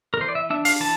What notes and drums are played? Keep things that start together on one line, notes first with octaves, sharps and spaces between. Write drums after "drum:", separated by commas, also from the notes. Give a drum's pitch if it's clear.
A#4
E3 C5
D5
E5
D4 E5
F5, drum: open hi-hat
E3 A5